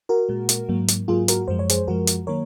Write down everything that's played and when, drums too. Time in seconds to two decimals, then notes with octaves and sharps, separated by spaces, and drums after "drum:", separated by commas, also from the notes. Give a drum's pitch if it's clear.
0.09 F#4 A#4
0.29 A#2 G#3
0.49 drum: hi-hat
0.69 G#2 F#3 A#3
0.89 drum: hi-hat
1.08 G#2 F#3 A#3 F4 G#4
1.28 F#4 A#4, drum: hi-hat
1.48 F#2 F3 G#3 C5
1.59 C#5
1.70 G#4 C5, drum: hi-hat
1.87 F#2 F3 G#3 F#4 A#4
2.07 drum: hi-hat
2.27 D#3 F#3 A#3 A#4 C#5